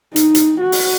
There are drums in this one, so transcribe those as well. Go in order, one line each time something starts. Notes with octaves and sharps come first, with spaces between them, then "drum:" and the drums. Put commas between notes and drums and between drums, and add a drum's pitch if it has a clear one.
D#4, drum: hi-hat
drum: hi-hat
F#4
drum: open hi-hat